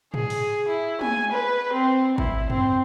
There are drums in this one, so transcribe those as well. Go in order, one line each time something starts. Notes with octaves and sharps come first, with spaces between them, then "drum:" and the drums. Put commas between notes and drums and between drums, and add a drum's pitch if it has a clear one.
G#4, drum: tom
drum: open hi-hat
E4
G#5, drum: tom
B4
C4
E4, drum: kick G#1
C4, drum: tom